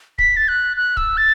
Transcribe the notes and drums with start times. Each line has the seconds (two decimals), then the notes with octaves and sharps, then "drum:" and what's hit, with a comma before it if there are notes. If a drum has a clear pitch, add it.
0.18 B6, drum: kick
0.37 A6
0.48 F#6
0.77 F#6
0.97 E6, drum: kick
1.17 A6